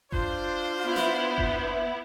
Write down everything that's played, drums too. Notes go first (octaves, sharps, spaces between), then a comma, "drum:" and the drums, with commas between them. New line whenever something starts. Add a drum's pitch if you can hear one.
D4 F4 C5, drum: kick F#1
B3 E4
drum: snare
drum: kick F#1